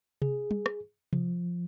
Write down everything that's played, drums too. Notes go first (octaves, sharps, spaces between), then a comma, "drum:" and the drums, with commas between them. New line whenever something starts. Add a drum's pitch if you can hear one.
G#4, drum: tom C3
drum: tom G3
drum: rim click
F3, drum: tom C3